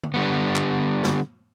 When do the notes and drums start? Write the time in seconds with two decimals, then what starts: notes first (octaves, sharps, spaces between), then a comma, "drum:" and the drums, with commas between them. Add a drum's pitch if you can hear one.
0.03 drum: tom D3
0.14 D3 G3 B3
0.56 drum: clap
1.04 drum: snare